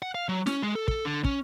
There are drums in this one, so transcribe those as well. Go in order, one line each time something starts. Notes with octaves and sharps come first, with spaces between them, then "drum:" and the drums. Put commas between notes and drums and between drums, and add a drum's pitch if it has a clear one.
F#5
F5
F#3
C#4, drum: snare
G#3
A4
A4, drum: kick
D3
C#4, drum: kick